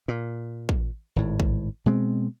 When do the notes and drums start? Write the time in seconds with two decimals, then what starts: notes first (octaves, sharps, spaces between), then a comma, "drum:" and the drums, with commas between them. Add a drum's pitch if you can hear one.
0.08 A#2
0.69 drum: kick
1.16 G#1 A2
1.40 drum: kick
1.86 B2 G#3 B3 C4